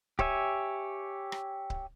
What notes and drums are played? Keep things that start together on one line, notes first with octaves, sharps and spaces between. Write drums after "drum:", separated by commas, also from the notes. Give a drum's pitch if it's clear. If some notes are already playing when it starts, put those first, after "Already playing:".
G4 C#5 E5 G#5, drum: kick C#1
drum: rim click
drum: kick C#1